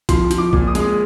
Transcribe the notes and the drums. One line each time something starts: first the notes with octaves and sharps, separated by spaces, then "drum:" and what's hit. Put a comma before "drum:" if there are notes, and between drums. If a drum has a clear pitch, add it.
F3 C6, drum: kick, hi-hat
F3, drum: hi-hat
D6
A#2, drum: kick
D#6
G#3, drum: hi-hat